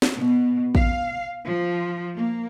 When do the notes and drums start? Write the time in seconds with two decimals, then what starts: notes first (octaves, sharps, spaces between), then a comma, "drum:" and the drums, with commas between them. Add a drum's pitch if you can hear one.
0.02 drum: snare
0.16 B2
0.75 F5, drum: kick
1.44 F3
2.15 A#3